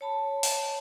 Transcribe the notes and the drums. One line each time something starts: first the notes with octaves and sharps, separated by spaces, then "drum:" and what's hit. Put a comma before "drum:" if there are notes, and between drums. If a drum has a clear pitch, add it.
C#5 A5 B5
drum: open hi-hat